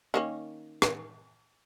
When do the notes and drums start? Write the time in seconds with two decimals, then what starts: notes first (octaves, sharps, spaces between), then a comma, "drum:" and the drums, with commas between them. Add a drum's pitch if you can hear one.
0.14 D#3 A#3 C#4
0.82 drum: rim click